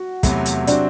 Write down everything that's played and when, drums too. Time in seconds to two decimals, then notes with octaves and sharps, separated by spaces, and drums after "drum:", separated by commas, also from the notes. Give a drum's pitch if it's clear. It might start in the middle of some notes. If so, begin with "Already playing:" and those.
Already playing: F#4
0.23 E2 C3 F#3 A3 E4, drum: kick, hi-hat
0.46 drum: hi-hat
0.67 C3 F#3 C4 D4 F#4, drum: hi-hat